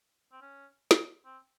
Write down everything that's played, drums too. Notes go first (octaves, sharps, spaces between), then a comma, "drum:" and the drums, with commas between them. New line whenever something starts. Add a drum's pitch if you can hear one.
C4
C#4
drum: snare
C4